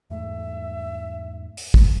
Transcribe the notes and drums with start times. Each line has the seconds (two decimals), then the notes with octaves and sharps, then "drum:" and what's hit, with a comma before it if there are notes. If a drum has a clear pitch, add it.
0.10 E2 G#2 A3 E5
1.57 drum: open hi-hat
1.74 drum: kick